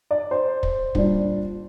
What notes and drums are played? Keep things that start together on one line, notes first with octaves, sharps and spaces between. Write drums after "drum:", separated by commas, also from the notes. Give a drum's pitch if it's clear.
D5
C5
drum: kick
A#2 G3 D4, drum: kick